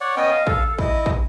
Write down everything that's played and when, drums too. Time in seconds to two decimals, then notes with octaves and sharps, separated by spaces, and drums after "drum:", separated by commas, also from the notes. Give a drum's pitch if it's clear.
0.01 C#5 D5 F#5
0.16 B3 C#4 D#5 G5
0.31 F5
0.47 A4, drum: kick
0.79 E4 D#5, drum: kick
1.06 drum: kick